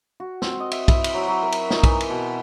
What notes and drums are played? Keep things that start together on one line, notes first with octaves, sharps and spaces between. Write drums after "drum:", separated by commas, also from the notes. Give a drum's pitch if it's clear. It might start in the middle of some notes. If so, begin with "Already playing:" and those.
F#4
C4, drum: snare
D#5
E5, drum: cymbal
E4, drum: kick, cymbal
drum: cymbal
F#3
F#3
A#4
drum: cymbal
D#4, drum: snare
E3, drum: kick, cymbal
drum: cymbal
B2